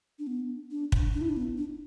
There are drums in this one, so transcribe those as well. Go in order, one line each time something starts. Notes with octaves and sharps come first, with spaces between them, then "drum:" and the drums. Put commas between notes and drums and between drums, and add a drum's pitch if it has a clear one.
D4
B3
D4
drum: kick
D4
E4
D4
B3
D4